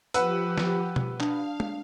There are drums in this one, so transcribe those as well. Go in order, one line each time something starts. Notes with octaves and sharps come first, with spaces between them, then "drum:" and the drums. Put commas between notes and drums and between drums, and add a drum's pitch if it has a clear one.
F3 G4 B4 F#5 E6, drum: hi-hat
drum: snare
drum: tom B2
D4 F5, drum: clap
drum: tom G#3